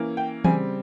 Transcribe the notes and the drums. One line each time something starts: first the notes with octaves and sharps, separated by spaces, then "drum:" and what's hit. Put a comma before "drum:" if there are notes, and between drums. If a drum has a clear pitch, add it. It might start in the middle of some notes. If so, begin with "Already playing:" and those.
Already playing: E3 A#3 C#4
G5
C#3 G3 C4 G#5, drum: tom E3